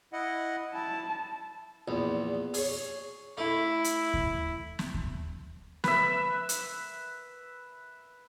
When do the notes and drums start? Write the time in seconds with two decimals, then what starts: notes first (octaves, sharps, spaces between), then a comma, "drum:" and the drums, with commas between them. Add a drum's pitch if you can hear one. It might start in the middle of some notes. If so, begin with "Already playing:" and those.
0.13 E4 D#5 F#5
0.74 E4 A5
1.88 A#1 E2
2.54 G#4 C#5, drum: open hi-hat
3.38 A3 E4
3.84 drum: hi-hat
4.14 drum: kick D#2
4.79 drum: snare
4.94 drum: kick D#2
5.84 B4 E5, drum: snare
6.49 drum: hi-hat